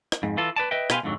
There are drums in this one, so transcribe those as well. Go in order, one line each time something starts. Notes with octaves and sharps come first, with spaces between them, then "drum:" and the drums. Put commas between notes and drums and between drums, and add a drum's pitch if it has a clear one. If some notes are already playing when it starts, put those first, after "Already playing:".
drum: rim click
F2 G#2
E3 F4 A4
B4 D5 A5
B4 D#5 E5 G5
B2 G4 B4 F5 G#5 C6, drum: rim click
F2 G#2 D3 D#3 F#3